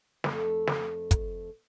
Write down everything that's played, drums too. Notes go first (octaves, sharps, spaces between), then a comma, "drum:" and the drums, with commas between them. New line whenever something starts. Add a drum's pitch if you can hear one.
F2 A3 A4, drum: snare
drum: snare
drum: kick, hi-hat